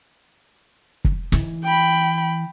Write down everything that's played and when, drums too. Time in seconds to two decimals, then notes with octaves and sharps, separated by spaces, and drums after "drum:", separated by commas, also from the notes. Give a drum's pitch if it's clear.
1.05 drum: kick
1.32 E3, drum: snare
1.64 G5 B5